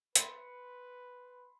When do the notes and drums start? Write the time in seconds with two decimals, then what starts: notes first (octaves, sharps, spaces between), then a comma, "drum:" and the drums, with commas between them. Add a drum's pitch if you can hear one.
0.15 B4 B5 C6 C#7, drum: hi-hat